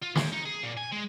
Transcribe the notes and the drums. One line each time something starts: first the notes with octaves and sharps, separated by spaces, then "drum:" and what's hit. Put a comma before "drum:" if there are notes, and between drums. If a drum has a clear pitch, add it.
F4
D#2, drum: snare
D#4
G#4
A#2
G#5
G#3